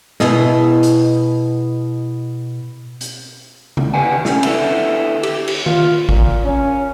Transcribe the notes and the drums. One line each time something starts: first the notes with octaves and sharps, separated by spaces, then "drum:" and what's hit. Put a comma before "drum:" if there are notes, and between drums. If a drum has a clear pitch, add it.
B2 E4 G#4 D#5, drum: snare
drum: hi-hat
drum: hi-hat
drum: tom C3
D#2 G4 B4 F#5 G#5
D3 C#4, drum: snare
D3 B3 E4, drum: cymbal
G4, drum: cymbal
drum: cymbal
F4, drum: tom D#3
A#2, drum: kick G#1
C#4